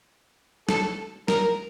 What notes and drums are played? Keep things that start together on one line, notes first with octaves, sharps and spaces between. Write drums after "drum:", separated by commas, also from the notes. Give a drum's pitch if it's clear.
A4, drum: snare
A#4, drum: snare